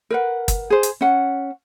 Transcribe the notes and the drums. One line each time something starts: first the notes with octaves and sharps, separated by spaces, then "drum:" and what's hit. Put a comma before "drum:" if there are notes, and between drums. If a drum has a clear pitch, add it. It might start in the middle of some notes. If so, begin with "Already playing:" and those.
A#4 B4 F#5
drum: kick, hi-hat
G#4 C5
drum: hi-hat
C#4 F#5